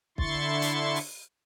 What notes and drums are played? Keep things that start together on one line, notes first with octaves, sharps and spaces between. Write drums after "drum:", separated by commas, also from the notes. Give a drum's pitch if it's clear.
D3 E4 C6 C#6 A6, drum: kick
drum: hi-hat
drum: open hi-hat